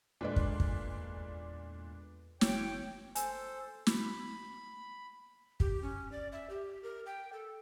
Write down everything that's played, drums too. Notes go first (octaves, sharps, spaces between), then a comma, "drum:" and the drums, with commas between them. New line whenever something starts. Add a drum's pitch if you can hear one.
E2 A#2 G#3 A3 D4 B4 D5
drum: kick
drum: kick
F#1 E3 C#5 G5, drum: snare
A4 C5 G#5, drum: hi-hat
B5, drum: snare
G4, drum: kick
C#4
D5
E5
G4
A#4
G5
A4